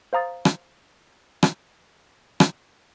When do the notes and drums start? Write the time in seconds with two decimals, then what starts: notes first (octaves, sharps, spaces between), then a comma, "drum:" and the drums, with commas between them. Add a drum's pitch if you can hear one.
0.13 C5 F5 A#5 D#6 A6
0.45 drum: rim click
1.43 drum: rim click
2.40 drum: rim click